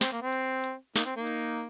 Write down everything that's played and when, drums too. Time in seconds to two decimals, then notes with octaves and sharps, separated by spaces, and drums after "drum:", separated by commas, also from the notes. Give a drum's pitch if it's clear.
0.01 C4, drum: snare
0.12 A#3
0.22 C4
0.32 drum: hi-hat
0.64 drum: hi-hat
0.96 A#3 D#4, drum: snare
1.05 C4
1.16 A#3 D#4
1.27 drum: hi-hat